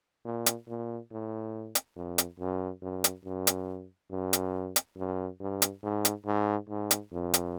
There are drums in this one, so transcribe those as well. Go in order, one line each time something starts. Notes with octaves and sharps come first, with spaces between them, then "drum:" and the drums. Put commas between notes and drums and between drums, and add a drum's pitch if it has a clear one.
A#2
drum: hi-hat
A#2
A2
drum: hi-hat
F2
drum: hi-hat
F#2
F#2
drum: hi-hat
F#2
drum: hi-hat
F#2
drum: hi-hat
drum: hi-hat
F#2
G2
drum: hi-hat
G#2
drum: hi-hat
G#2
G#2
drum: hi-hat
F2
drum: hi-hat